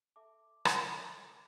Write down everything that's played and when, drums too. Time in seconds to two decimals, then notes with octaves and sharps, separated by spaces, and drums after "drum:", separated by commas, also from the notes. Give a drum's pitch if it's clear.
0.16 A4 E5 A5 D6
0.65 drum: rim click
0.92 A4 E5 A5 D6